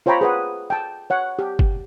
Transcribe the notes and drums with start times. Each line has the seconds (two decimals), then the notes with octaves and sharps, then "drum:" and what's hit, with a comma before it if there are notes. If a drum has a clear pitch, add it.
0.06 F4 C5 C#5 G5 A#5 B5
0.21 G#4 B4 F#5
0.70 G5 A5
1.10 C#5 F#5
1.39 G4
1.59 drum: kick